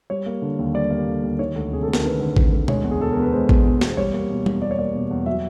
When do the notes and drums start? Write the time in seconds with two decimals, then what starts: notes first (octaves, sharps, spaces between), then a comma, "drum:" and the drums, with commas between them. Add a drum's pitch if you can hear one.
0.10 G3 C#5
0.26 A#3
0.42 D3
0.59 D#2
0.74 G3 D5
0.90 A#3
1.07 D3
1.23 D#2
1.39 D#3 C#5
1.56 D2
1.72 C3 G#4
1.83 A4
1.88 D2
1.93 A#4, drum: snare
2.04 D#3 B4
2.20 D2
2.37 C3, drum: kick
2.53 D2
2.68 G#3 C#5, drum: tom B2
2.84 E2
2.91 G#4
3.00 B2 A4
3.12 E2 A#4
3.22 B4
3.33 G#3 C5
3.49 E2, drum: kick
3.65 B2
3.81 E2, drum: snare
3.90 C5
3.97 G3 C#5
4.13 A#3
4.30 B2
4.46 E2, drum: tom G3
4.62 G3 D5
4.71 C#5
4.79 A#3 D5
4.95 B2
5.11 E2
5.26 F#3 E5